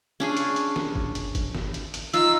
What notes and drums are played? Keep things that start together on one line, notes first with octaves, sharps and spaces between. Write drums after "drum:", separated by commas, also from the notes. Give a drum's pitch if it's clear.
C#4 D4 G#4
drum: hi-hat
drum: hi-hat
drum: snare
drum: kick
drum: hi-hat
drum: kick, hi-hat
drum: snare
drum: hi-hat
drum: hi-hat
D#4 F4 E6, drum: hi-hat